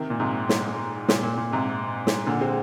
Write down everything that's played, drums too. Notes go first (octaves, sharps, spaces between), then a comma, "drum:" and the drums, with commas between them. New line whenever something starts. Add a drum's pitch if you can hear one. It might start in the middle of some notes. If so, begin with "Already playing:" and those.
Already playing: C3 D#3
A#2
G#2 C3
drum: snare
A#2, drum: snare
A#2
A#2
G#2 C3
drum: snare
A#2 D3
G#3 C4